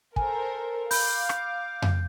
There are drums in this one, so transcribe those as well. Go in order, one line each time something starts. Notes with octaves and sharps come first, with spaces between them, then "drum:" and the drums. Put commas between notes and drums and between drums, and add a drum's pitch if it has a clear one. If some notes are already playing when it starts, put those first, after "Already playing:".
A4 A#4 C5 G#5, drum: kick
F5 B5 D6 G6, drum: open hi-hat
drum: rim click
drum: tom F2